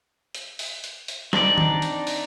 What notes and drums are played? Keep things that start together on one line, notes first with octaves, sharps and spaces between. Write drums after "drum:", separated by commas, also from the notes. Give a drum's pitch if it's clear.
drum: hi-hat
drum: open hi-hat
drum: hi-hat
drum: hi-hat
C4 D4 D#4 D5, drum: snare
drum: tom
drum: hi-hat
drum: open hi-hat